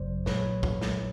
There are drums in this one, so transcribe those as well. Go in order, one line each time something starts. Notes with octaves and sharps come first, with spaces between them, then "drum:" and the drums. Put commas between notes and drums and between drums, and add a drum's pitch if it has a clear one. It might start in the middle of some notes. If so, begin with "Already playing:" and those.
Already playing: G#1 F#2 C#3 F#3 C5 D5
A#1 A#2 F#3 B4 C#5, drum: snare
drum: kick A#1
drum: snare